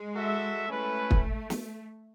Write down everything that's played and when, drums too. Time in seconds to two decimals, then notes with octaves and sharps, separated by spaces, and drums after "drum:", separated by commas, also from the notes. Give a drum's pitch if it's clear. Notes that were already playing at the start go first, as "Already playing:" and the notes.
Already playing: G#3
0.15 F#4 A4 E5
0.68 A3 C#4 E4 B4
1.11 drum: kick
1.50 drum: snare